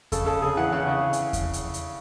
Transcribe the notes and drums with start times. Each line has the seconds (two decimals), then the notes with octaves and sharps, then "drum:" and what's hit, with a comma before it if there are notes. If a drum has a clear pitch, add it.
0.12 C#3 A4, drum: kick E2, hi-hat
0.26 C#3 A4
0.42 C#3 G#4
0.57 E3 F#5
0.72 C#3 F#5
0.87 C#3
1.13 drum: hi-hat
1.33 drum: kick E2, hi-hat
1.53 drum: hi-hat
1.74 drum: hi-hat